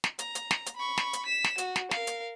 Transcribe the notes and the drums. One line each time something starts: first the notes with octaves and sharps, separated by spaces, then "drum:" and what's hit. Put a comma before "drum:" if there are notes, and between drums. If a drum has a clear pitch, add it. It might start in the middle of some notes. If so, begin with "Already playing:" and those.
drum: snare
A#5, drum: hi-hat
drum: hi-hat
drum: snare
drum: hi-hat
B5 C#6
drum: snare
drum: hi-hat
B6 E7
drum: snare
F#4, drum: hi-hat
drum: snare
A#4 F5, drum: snare
drum: hi-hat